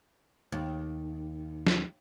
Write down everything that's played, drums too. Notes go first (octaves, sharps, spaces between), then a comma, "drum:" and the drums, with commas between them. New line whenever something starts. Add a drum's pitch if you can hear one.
D#2
drum: snare